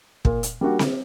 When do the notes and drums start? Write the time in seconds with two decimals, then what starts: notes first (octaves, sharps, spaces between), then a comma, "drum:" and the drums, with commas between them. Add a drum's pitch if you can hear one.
0.25 A#2, drum: kick
0.43 drum: hi-hat
0.61 G3 A#3 D4 F#4
0.79 drum: snare C4